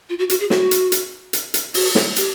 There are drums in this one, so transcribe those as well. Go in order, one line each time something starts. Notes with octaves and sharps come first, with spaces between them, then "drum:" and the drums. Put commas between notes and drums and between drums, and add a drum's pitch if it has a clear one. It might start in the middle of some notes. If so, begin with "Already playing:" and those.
F4
F#4
F#4, drum: hi-hat
G#4
F#4, drum: snare
drum: hi-hat
drum: hi-hat
drum: hi-hat
drum: hi-hat
F#4, drum: open hi-hat
drum: snare
G4, drum: hi-hat